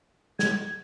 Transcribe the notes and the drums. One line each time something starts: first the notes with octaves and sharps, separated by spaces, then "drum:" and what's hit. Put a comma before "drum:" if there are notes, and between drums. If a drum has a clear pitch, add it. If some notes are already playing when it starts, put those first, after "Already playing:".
G#6, drum: snare